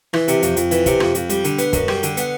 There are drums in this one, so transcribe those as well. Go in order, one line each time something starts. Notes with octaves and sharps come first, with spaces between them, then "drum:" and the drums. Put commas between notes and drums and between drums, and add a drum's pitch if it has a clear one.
E3, drum: rim click
C3, drum: hi-hat
F2, drum: hi-hat
F2, drum: hi-hat
E3, drum: hi-hat
C3, drum: kick, hi-hat
F2, drum: rim click
F2, drum: hi-hat
G3, drum: hi-hat
D3, drum: hi-hat
B3, drum: hi-hat
F#2, drum: kick, hi-hat
G3, drum: rim click
D3, drum: hi-hat
B3, drum: hi-hat